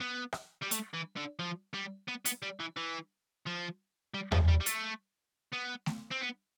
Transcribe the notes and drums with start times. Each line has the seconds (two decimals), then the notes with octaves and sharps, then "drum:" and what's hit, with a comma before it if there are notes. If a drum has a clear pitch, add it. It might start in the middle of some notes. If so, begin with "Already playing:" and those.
0.02 B3
0.33 drum: rim click
0.63 G3
0.71 A3, drum: hi-hat
0.94 E3
1.17 D3
1.39 F3
1.74 G3
2.08 B3
2.25 B3, drum: hi-hat
2.43 G3
2.60 E3
2.77 E3
3.46 F3
4.14 G3
4.32 F3, drum: tom E2
4.48 G3
4.61 G3
4.66 A3, drum: hi-hat
5.52 B3
5.86 drum: snare A3
6.11 C4
6.21 B3